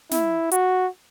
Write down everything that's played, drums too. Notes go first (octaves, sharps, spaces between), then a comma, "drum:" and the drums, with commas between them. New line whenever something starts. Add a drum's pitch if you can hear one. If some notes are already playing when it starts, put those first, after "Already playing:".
E4, drum: snare
F#4, drum: hi-hat